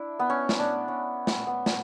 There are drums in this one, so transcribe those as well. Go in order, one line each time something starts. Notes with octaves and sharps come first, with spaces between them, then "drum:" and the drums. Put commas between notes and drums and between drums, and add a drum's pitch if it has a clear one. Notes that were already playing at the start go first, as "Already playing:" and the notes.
Already playing: D4 E4
B3
C#4
drum: snare
D4
C#4
drum: snare
B3
drum: snare